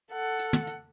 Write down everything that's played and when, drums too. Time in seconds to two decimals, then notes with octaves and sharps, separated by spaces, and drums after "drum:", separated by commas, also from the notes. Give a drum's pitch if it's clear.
0.11 A4 F#5
0.39 drum: hi-hat
0.53 drum: tom
0.67 drum: hi-hat